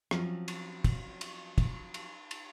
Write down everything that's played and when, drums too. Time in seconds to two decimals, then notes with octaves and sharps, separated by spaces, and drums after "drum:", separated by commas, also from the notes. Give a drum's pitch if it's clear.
0.11 F3 F#3 C4 C#4, drum: rim click
0.48 drum: cymbal
0.84 drum: kick, cymbal
1.21 drum: cymbal
1.58 drum: kick, cymbal
1.94 drum: cymbal
2.31 drum: cymbal